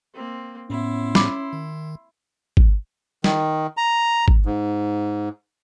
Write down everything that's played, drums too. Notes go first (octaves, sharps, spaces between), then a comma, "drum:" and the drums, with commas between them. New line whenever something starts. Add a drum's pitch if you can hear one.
A#3 C4
A2 B3 C#4 E4 C6
B5 D6, drum: snare
D#3
drum: kick
D#3, drum: snare
A#5
drum: kick
G#2